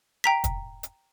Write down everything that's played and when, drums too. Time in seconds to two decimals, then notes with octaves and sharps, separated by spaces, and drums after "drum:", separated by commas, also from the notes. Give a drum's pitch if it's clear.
0.24 G5 A#5 B6
0.44 drum: kick, hi-hat
0.83 drum: hi-hat